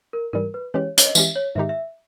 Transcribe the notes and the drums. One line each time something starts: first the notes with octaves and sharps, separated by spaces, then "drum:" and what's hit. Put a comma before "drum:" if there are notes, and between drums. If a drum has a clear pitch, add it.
A#4
G#2 E3 G3 A#4
B4
E3 G#3 C#4 G4 C#5
C#5, drum: hi-hat
D#5
E3 G#3 C#4 G4 E5, drum: tambourine
C#5
G#2 D#3 G#3 D#4 G4 E5
E5